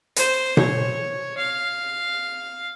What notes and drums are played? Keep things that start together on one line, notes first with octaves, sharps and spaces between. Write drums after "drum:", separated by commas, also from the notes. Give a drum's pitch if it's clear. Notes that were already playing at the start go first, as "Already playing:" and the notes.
C5, drum: hi-hat
C#5, drum: tom B2
F5